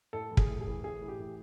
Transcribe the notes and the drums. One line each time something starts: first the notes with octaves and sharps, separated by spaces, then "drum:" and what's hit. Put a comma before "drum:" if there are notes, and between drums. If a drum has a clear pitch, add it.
A2 A4
E3
G#4, drum: kick
A2
G#4
E3
A2 G#4
E3
G4
A2